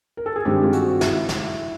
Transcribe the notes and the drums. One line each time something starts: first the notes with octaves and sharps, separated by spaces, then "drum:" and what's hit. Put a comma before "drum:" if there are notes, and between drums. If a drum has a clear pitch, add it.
A#4
A4
G#4
G2 D#3 G#3 C4 G4
F4
F#4, drum: hi-hat
E4, drum: snare
drum: snare